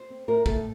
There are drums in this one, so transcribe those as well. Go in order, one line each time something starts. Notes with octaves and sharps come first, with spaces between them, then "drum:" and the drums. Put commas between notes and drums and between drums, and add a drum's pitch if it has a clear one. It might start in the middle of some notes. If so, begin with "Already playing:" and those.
Already playing: C5
C4
A2 A#4
A2 A4, drum: kick